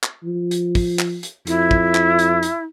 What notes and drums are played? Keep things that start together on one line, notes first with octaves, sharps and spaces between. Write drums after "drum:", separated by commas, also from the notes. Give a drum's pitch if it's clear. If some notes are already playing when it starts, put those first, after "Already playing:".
drum: clap
F3
drum: hi-hat
drum: kick, open hi-hat
drum: clap
drum: hi-hat
F2 E4, drum: hi-hat
drum: kick
drum: clap
drum: hi-hat
drum: hi-hat